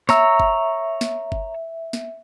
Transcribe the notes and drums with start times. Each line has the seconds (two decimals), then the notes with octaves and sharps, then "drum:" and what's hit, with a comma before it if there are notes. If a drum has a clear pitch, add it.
0.09 C#5 E5 A#5 E6, drum: snare
0.40 drum: kick F#1
1.01 drum: snare
1.32 drum: kick F#1
1.93 drum: snare